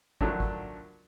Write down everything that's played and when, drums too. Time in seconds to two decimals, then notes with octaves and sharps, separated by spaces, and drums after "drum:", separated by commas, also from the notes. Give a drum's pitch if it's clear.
0.21 D3 D#3 F3 F#3 A3 D4, drum: kick
0.40 drum: kick